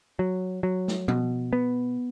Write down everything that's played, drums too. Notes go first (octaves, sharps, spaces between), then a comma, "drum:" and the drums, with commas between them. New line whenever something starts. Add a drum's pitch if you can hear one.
F#3
F#3
drum: snare
B2, drum: tom F3
B3